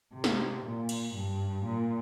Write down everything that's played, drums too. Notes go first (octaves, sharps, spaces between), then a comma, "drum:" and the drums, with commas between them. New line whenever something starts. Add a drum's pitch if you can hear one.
C3
drum: snare
A#2
drum: cymbal
G2
A#2